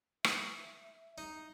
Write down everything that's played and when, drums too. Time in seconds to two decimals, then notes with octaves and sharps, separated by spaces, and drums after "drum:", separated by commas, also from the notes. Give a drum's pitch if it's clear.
0.24 E5, drum: rim click
1.18 D#4